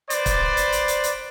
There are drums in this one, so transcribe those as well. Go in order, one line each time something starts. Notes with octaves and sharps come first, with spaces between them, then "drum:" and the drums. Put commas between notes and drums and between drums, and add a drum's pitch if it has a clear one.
B4 C5 D5, drum: hi-hat
drum: kick, hi-hat
drum: hi-hat
drum: hi-hat
drum: hi-hat
drum: hi-hat